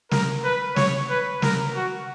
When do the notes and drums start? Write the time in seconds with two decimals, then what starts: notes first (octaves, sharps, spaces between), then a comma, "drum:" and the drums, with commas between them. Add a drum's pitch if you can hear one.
0.11 A#4, drum: snare
0.44 B4
0.76 C#5, drum: snare
1.10 B4
1.42 A#4, drum: snare
1.76 F#4